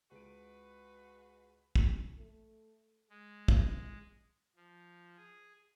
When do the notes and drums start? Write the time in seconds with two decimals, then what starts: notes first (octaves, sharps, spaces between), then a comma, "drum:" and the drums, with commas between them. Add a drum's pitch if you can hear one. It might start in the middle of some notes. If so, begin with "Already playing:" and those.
0.11 C#2 G#3 F#4 B4 D7
1.76 drum: kick
2.19 A3
3.10 G#3
3.48 drum: kick
4.56 F3
5.17 G#4